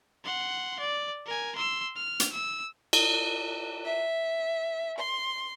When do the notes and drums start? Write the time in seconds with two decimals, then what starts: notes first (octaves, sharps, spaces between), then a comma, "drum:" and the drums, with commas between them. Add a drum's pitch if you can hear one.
0.24 F#5 C6
0.79 D5
1.26 A#4 G#5
1.56 C6 E6
1.96 F6
2.20 drum: hi-hat
2.33 E6
2.93 drum: cymbal
3.85 E5
4.98 C6